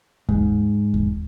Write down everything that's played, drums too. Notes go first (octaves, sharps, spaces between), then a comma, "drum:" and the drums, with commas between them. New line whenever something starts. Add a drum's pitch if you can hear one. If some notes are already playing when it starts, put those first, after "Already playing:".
G#2, drum: kick D#2
drum: kick D#2